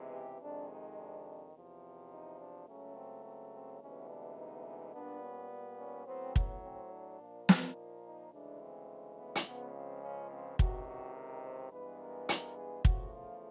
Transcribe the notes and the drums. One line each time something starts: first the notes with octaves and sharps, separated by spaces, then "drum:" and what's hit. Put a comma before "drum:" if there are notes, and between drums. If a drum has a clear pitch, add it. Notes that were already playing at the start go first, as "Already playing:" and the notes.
Already playing: C#2 C3 E3 G#3 B3
G4
F2 C3 D#3 G#3 D4
D#4
D4
E2 C3 F3
D#4
D4
C#2 C#3 F#3 A3 C#4
C4
C4
C4
D2 C3 E3 G#3 B3 C#4
D4
D#4
D#4
A#2 G3 B3 D4
C#4
C#4
A2 F#3 B3 C4
B3, drum: kick
C4
D4
A#2 F3 A#3
D#4, drum: snare
D#4
D2 C#3 E3 G#3 D4
C4
B3
drum: hi-hat
C#2 C#3 F3 G#3 B3
C4
C#4
C4
C#2 C3 D#3 F#4, drum: kick
F#4
A#4
C5
G2 E3 G#3 B3 B4
A#4
A#4, drum: hi-hat
G#4
E2 C#3 F3 A3 F#4, drum: kick
F4